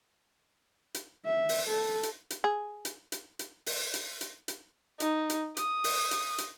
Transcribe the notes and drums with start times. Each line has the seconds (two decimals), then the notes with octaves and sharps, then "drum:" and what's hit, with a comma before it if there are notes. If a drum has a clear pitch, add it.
0.94 drum: hi-hat
1.26 E5
1.49 drum: open hi-hat
1.68 A4
2.03 drum: hi-hat
2.30 drum: hi-hat
2.44 G#4
2.85 drum: hi-hat
3.12 drum: hi-hat
3.39 drum: hi-hat
3.66 drum: open hi-hat
3.94 drum: hi-hat
4.21 drum: hi-hat
4.48 drum: hi-hat
5.00 D#4, drum: hi-hat
5.30 drum: hi-hat
5.57 D#6, drum: hi-hat
5.84 drum: open hi-hat
6.11 drum: hi-hat
6.38 drum: hi-hat